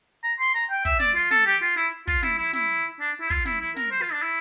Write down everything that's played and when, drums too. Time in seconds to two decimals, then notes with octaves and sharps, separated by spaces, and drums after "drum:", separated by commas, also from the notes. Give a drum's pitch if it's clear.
0.23 A#5
0.39 C6
0.54 A#5
0.69 G5
0.85 E5, drum: kick
1.00 D5, drum: snare
1.15 F4
1.31 A4, drum: snare
1.46 G4
1.62 F4
1.77 E4
2.07 F4, drum: kick
2.23 E4, drum: snare
2.38 E4
2.53 E4, drum: snare
3.00 D4
3.21 E4
3.30 F4, drum: kick
3.45 E4, drum: snare
3.61 E4
3.76 A#4, drum: snare
3.91 C5
4.02 F4
4.12 D4
4.22 E4